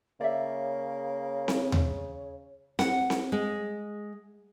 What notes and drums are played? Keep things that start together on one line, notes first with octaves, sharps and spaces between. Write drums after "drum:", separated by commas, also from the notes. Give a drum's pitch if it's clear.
C#3 A#3 C#5 D5 E5
drum: snare C4
drum: tom D#2
F#5, drum: snare C4
drum: snare C4
G#3